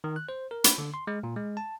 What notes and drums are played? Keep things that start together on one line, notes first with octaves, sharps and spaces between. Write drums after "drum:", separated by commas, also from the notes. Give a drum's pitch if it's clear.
D#3
F#6
C5
A#4
B5, drum: hi-hat
D3
C6
G#3
A#2
G#3
A5